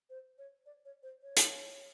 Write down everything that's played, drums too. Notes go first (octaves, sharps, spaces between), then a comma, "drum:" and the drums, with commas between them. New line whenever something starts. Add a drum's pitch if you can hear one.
C5
C#5
D5
C#5
C5
C#5
drum: hi-hat